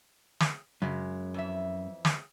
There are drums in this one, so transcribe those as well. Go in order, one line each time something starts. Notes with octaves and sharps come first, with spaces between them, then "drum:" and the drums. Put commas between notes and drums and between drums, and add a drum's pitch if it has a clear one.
drum: snare
F#2 C#3 G#3
F2 E3 E5
drum: snare